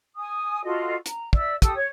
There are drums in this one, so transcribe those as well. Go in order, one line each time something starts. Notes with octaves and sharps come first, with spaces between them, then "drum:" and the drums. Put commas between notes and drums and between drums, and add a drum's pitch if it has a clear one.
G#5 D#6
F4 F#4 A4 D#5
A#5, drum: hi-hat
D5 E5 E6, drum: kick
G4 A4 D#6 E6, drum: kick, hi-hat
C#5